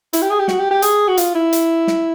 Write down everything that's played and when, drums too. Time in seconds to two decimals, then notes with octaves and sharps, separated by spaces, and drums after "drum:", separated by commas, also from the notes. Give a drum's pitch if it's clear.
0.13 E4, drum: hi-hat
0.22 G4
0.30 G#4
0.39 G4
0.48 F#4, drum: snare
0.59 G4
0.71 G4
0.82 G#4, drum: hi-hat
1.08 F#4
1.17 F4, drum: hi-hat
1.35 E4
1.53 drum: hi-hat
1.87 drum: snare